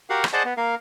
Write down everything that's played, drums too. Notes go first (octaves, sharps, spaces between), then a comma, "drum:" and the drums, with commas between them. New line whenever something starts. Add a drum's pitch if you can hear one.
F#4 G4 A#4 F5 F#5
drum: rim click
G#4 C5 D5 D#5 F#5 A5
B3
A#3 A#4 F5